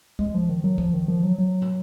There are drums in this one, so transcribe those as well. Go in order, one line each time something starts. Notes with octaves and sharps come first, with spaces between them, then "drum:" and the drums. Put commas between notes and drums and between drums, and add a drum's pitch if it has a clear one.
G#3, drum: kick C#2
F3
D#3
F#3
F3, drum: kick C#2
D#3
F3
F#3
F#3
drum: tom